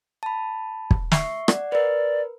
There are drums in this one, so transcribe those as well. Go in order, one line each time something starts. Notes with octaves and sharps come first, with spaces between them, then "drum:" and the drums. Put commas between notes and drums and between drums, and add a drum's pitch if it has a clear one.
A5 B5
drum: kick
E5 C#6 C7, drum: snare
D5 F#5, drum: rim click
A#4 B4 D5